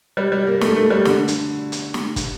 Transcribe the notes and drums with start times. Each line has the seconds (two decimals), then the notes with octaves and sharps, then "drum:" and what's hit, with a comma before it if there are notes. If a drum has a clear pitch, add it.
0.17 G3
0.32 G3
0.47 A#3
0.61 A3, drum: snare
0.76 A3
0.90 G3
1.05 D3, drum: snare
1.28 drum: hi-hat
1.72 drum: hi-hat
1.94 drum: snare
2.16 drum: kick, hi-hat